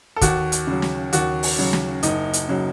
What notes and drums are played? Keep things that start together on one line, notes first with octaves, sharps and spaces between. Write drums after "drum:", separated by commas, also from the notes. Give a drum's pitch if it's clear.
A4
D#2 F#4, drum: kick, hi-hat
drum: hi-hat
C#3 F#3
drum: snare
D#2 F#4, drum: hi-hat
drum: open hi-hat
C#3 F#3
drum: snare
F#1 D#4, drum: hi-hat
drum: hi-hat
C#3 F#3